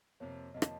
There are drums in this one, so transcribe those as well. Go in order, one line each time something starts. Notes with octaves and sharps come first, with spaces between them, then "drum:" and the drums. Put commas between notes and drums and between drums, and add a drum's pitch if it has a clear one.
F2 C3 F3 A#3 C#5
F2 C3 F3 A#3 D#5
A5, drum: rim click